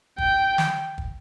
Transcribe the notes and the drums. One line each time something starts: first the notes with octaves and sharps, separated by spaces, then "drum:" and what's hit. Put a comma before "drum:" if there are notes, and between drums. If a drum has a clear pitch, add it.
G5, drum: kick
drum: snare
drum: kick